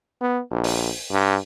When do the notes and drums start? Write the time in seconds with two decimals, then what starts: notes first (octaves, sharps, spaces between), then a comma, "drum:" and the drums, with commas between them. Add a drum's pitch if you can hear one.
0.21 B3
0.51 A#1
0.64 drum: open hi-hat
1.11 G2